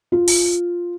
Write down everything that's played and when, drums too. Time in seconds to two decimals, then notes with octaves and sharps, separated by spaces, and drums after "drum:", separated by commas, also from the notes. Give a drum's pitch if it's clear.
0.12 F4
0.28 drum: open hi-hat